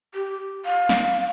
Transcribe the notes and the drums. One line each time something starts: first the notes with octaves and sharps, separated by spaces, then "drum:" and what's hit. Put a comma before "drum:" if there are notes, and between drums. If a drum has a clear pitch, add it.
G4
F5
drum: snare